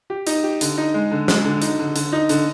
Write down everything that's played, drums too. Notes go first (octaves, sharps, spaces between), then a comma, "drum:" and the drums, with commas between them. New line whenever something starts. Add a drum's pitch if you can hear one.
G4
D#4, drum: hi-hat
G4
D3, drum: hi-hat
D#4
G#3
D3
G#3, drum: snare
D3
D#4, drum: hi-hat
D3
D3, drum: hi-hat
D#4
D3, drum: hi-hat